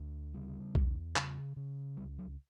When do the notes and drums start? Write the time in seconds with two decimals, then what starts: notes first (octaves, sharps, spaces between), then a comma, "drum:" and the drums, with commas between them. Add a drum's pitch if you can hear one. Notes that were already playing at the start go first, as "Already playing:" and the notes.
Already playing: D2
0.34 C#3 G3
0.75 E2, drum: kick B1
1.16 C#3, drum: clap
1.56 C#3
1.97 C#2 G3
2.19 F#3